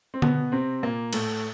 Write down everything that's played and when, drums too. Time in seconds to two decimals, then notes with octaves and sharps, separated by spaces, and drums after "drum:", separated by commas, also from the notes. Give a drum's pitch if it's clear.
0.14 C4
0.22 B2 B3, drum: tom D3
0.52 C3 C4
0.83 A#2 A#3
1.13 A2 A3, drum: cymbal